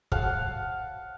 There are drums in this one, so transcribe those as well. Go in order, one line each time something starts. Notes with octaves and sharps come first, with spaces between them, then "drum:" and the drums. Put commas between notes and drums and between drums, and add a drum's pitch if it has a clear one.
F5 F#5 A5, drum: kick